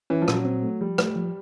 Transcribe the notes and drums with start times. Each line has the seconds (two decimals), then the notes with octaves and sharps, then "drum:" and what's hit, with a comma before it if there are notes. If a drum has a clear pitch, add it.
0.10 E3 C#4
0.22 F3
0.28 A#2, drum: rim click
0.33 F#3
0.45 C4
0.63 A3
0.81 F3 G3
0.98 A3, drum: rim click
1.16 F3